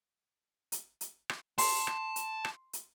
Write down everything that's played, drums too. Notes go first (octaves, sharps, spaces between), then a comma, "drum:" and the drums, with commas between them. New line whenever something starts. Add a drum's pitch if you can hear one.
drum: hi-hat
drum: hi-hat
drum: rim click
A5 C6, drum: open hi-hat
drum: rim click
drum: hi-hat
drum: rim click
drum: hi-hat